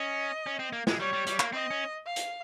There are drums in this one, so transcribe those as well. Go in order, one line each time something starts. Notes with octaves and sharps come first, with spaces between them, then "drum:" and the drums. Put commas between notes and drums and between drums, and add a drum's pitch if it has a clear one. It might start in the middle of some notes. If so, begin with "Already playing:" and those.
Already playing: C#4 D#5
C#4
C4
A#3
G#3, drum: snare
G3 C#5
G3
G3, drum: hi-hat
A#3, drum: clap
C4 D#5
C#4
F5
drum: hi-hat